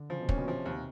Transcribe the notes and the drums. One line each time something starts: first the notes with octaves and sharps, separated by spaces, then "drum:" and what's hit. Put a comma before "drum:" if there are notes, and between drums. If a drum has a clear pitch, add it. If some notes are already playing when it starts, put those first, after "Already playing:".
Already playing: D3
C#3 F3
B2
A#2 C#4, drum: kick
B2
C3 F3
D#2